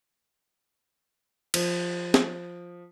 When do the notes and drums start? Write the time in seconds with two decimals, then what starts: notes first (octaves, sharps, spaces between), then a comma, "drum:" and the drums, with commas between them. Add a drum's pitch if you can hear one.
1.54 F3, drum: cymbal
2.14 drum: snare